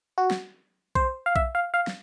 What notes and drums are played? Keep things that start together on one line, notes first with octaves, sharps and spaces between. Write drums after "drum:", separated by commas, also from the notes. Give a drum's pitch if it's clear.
F#4
drum: snare
C5, drum: kick B1
F5
E5, drum: kick B1
F5
F5
drum: snare